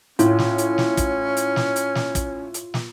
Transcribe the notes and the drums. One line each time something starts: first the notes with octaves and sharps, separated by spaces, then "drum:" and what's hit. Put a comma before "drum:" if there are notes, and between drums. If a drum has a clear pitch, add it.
A2 C#4 F4, drum: hi-hat
drum: snare
drum: hi-hat
drum: snare
drum: kick, hi-hat
drum: hi-hat
drum: snare
drum: hi-hat
drum: snare
drum: kick, hi-hat
drum: hi-hat
drum: snare